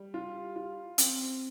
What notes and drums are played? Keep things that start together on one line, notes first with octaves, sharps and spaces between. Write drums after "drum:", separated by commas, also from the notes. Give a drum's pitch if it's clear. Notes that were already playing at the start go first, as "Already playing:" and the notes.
Already playing: G3
F4
F4
C4, drum: hi-hat